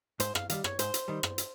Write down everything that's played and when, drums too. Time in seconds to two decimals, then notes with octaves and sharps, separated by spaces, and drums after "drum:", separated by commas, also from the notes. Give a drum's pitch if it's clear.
0.20 G#2 C5, drum: hi-hat
0.35 F5, drum: rim click
0.50 D#3 G3 F5, drum: hi-hat
0.64 C#5, drum: rim click
0.79 G#2 C5, drum: hi-hat
0.94 drum: hi-hat
1.08 D#3 G3
1.23 drum: rim click
1.38 drum: hi-hat